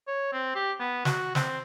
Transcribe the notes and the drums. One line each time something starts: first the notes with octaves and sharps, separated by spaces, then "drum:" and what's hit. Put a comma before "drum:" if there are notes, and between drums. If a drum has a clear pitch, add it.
C#5
C4
G4
B3
F#4, drum: snare
C4, drum: snare